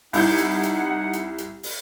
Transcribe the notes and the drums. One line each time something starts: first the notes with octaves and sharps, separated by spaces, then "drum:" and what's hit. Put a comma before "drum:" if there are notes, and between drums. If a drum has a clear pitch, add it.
C2 D#4 E4 F#5 G6, drum: open hi-hat
drum: hi-hat
drum: hi-hat
drum: hi-hat
drum: hi-hat
drum: open hi-hat